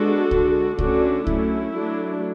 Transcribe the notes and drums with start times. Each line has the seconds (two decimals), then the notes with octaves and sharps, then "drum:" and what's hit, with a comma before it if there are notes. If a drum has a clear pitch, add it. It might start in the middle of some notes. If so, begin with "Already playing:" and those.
Already playing: G#3 B3 D4 F#4 A4
0.31 D3 G#3 D4, drum: kick C2
0.79 D3 A3 C#4 D4 F#4, drum: kick C2
1.27 F#3 A3 C#4 E4, drum: kick C2
1.74 F#3 A3 D4